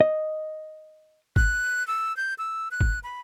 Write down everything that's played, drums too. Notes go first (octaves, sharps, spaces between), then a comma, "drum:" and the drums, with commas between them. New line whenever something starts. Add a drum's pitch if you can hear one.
D#5
F#6, drum: kick
E6
G6
E6
F#6
drum: kick
B5